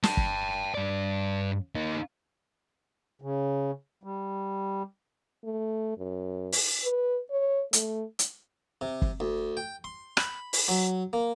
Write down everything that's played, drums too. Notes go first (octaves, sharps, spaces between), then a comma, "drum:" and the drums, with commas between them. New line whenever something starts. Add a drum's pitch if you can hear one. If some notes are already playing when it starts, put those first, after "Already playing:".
G5 A5, drum: snare
drum: kick F#1
G2 D5
A#3 D#4
C#3
G3
A3
F#2
drum: open hi-hat
B4
C#5
A3, drum: hi-hat
drum: hi-hat
C3
drum: kick F#1
D2
G5
C6
B5, drum: rim click
drum: open hi-hat
F#3
A#3